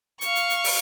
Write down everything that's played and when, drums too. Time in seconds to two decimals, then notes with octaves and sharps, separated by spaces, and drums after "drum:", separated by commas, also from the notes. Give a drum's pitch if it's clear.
0.21 F5 C#6, drum: hi-hat
0.35 drum: hi-hat
0.50 drum: hi-hat
0.64 drum: open hi-hat